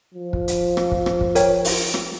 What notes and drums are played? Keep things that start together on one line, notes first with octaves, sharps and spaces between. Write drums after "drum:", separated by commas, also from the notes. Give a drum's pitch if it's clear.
F3
drum: kick
drum: hi-hat
drum: rim click
drum: kick
drum: rim click
drum: kick
A#4 C#5 G5, drum: hi-hat
drum: open hi-hat
drum: rim click